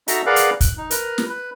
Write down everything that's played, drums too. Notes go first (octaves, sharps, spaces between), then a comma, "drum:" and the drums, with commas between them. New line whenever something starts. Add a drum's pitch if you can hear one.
D#4 F#4 A4 E5 A#5, drum: hi-hat
G#4 A#4 B4 D5 F5 F#5
drum: hi-hat
F#6, drum: kick, hi-hat
D#4
A#4 B4, drum: hi-hat
drum: snare
B4